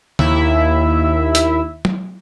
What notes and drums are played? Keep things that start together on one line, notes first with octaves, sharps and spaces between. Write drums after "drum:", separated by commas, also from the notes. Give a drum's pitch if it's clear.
D#2 E4 E5, drum: tom
drum: hi-hat
drum: tom